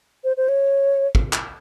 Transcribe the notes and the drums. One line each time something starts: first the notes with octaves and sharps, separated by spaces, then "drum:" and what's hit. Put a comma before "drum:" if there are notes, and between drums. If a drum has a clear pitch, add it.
C5
C5
C#5
drum: kick
drum: clap